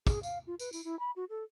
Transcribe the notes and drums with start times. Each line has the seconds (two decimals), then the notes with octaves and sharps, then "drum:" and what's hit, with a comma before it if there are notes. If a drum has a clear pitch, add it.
0.07 G#4, drum: kick, tambourine
0.23 F5, drum: tambourine
0.47 F4
0.60 B4, drum: tambourine
0.73 E4, drum: tambourine
0.84 E4
0.99 B5
1.16 F#4
1.30 A4